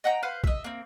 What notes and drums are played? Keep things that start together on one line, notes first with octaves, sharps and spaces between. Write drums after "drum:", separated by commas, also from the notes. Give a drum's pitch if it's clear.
D#5 F#5 G5 A#5
B4 C5 F5 F#5
D#5 E5, drum: kick B1
A#3 C4